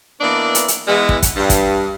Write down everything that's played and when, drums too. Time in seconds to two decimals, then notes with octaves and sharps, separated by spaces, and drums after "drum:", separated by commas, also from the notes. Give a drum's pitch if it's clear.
0.21 E3 A#3 B3 D4 D5 D#5
0.55 drum: hi-hat
0.68 drum: hi-hat
0.87 E3 G#3 B3
1.09 drum: kick
1.23 drum: kick, hi-hat
1.36 G2
1.50 drum: kick, hi-hat